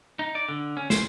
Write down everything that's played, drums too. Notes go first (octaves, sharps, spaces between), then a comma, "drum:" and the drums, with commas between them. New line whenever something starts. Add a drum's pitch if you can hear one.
D#4
D5
D3
C#4
C5, drum: snare